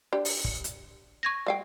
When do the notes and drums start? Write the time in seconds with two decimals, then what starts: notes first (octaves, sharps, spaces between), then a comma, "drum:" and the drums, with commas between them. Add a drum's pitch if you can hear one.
0.13 D4 G4 G5
0.25 drum: open hi-hat
0.44 drum: kick
0.64 drum: hi-hat
1.23 C#6 G#6 A#6
1.47 G3 F5 G5